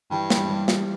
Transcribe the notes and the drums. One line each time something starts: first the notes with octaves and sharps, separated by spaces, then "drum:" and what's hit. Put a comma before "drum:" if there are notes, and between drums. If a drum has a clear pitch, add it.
G2 E3
G3, drum: snare
G3
G3, drum: snare